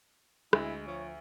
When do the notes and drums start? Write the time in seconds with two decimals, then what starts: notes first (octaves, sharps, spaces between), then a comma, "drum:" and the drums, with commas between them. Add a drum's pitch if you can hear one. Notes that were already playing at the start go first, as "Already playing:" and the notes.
0.53 D2 G#3 E4, drum: rim click
0.87 F3 C#5